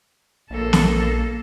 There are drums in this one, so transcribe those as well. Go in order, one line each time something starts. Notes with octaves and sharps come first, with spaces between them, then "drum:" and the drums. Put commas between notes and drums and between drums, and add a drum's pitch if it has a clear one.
A#1 A#3 A4
drum: snare